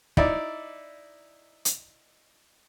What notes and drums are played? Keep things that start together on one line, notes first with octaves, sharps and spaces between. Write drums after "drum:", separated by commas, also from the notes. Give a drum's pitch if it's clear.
D#4 E4 D5, drum: kick
drum: hi-hat